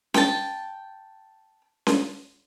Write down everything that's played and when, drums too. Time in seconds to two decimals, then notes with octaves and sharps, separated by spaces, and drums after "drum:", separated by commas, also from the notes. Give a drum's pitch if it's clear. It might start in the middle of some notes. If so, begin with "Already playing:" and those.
0.14 G5 A5, drum: snare C#4
1.87 drum: snare C#4